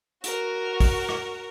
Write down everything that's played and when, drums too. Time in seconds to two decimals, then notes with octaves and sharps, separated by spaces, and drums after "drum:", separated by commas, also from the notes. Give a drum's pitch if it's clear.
0.24 F#4 A#4, drum: hi-hat
0.80 drum: kick, open hi-hat
1.09 drum: rim click